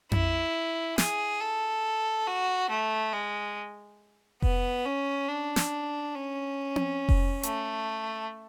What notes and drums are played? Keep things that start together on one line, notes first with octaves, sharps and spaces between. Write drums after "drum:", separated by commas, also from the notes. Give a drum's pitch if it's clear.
E4, drum: tom F2
G#4, drum: snare
A4
F#4
A3
G#3
B3, drum: kick F1
C#4
D4
drum: snare
C#4
drum: tom C4
drum: kick F1
A3, drum: hi-hat